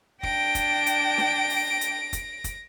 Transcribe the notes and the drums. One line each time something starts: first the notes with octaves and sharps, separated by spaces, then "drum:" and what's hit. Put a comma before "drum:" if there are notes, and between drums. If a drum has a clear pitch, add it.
D4 G5 A#6 D7, drum: kick
drum: kick, hi-hat
drum: hi-hat
drum: snare
drum: open hi-hat
drum: hi-hat
drum: kick, hi-hat
drum: kick, hi-hat